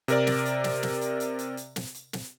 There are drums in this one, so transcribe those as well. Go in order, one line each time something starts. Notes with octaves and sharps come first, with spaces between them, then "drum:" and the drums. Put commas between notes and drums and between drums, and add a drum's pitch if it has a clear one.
C3 A#4 D5, drum: hi-hat
drum: snare
drum: hi-hat
drum: snare
drum: snare
drum: hi-hat
drum: hi-hat
drum: hi-hat
drum: hi-hat
drum: snare
drum: hi-hat
drum: snare